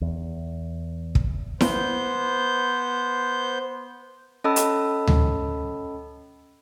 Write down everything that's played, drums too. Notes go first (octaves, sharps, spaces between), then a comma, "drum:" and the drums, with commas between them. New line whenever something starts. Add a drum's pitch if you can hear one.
E2
drum: kick
B3 C5 G6, drum: snare E4
C#4 A4 D#5 A5 B5 E6
drum: hi-hat
drum: tom D2